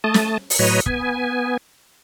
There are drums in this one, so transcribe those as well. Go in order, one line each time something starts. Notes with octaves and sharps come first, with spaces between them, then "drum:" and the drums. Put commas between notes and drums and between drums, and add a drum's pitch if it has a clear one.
A3 A5 D#6
drum: snare
drum: open hi-hat
A2 F#3 B4 C#5 D#5
B3 G#5, drum: kick